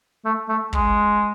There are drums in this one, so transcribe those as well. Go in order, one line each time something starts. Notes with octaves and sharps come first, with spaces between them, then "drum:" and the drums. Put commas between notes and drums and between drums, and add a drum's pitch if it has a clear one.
A3
A3
G#3, drum: kick